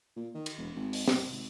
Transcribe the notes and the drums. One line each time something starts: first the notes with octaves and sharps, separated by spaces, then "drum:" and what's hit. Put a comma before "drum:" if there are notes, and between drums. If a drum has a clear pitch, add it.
A#2
D#3
drum: cymbal
E1
G#1
drum: open hi-hat
C2, drum: snare
G#1